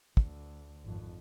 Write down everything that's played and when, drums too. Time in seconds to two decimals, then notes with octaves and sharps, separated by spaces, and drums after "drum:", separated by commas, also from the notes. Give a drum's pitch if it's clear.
0.17 D2, drum: kick
0.85 G#1 F2